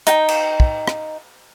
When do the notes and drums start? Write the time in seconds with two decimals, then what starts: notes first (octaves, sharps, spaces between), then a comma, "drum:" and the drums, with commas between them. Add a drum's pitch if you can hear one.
0.07 D#4 G5, drum: hi-hat
0.28 drum: cymbal
0.60 drum: kick
0.88 drum: rim click